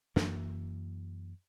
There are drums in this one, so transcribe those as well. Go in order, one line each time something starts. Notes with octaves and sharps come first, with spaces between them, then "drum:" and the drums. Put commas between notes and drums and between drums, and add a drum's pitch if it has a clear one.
F#2 E3 A#3, drum: snare